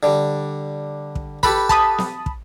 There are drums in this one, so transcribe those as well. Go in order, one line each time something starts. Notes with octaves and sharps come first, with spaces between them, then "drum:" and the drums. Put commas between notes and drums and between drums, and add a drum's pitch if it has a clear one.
D3 G3
drum: kick
G4 A4 B4 B5, drum: kick
A5 B5 D#6, drum: kick
drum: snare
drum: kick